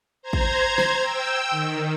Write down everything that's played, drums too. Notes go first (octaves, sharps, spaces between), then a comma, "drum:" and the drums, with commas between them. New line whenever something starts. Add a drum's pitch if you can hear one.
C5 A#5 G#6
drum: kick
drum: snare
G5 E6
D#3